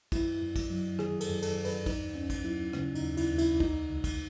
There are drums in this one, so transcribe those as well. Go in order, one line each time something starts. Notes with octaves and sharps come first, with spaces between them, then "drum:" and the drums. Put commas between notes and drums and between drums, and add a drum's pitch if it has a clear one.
F#2 E4, drum: kick, cymbal
F#2
drum: kick, cymbal
F#3
D#3 G#4, drum: rim click
A4, drum: cymbal
F#2
A4, drum: cymbal
F#2
B4, drum: cymbal
D#2 D#4, drum: kick, cymbal
D#2 C#4
drum: kick, cymbal
F#3 E4
C#3 C#4, drum: rim click
D#4, drum: cymbal
D#2
E4, drum: cymbal
D#2
E4, drum: cymbal
C#2 D#4, drum: kick
C#2
drum: kick, cymbal